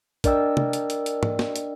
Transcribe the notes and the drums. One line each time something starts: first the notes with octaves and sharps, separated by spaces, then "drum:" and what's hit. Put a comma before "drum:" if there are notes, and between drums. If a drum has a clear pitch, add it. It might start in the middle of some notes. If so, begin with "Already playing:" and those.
D4 A#4 D5 D#5 G5 E6, drum: kick, hi-hat
drum: tom
drum: hi-hat
drum: hi-hat
drum: hi-hat
drum: tom
drum: snare
drum: hi-hat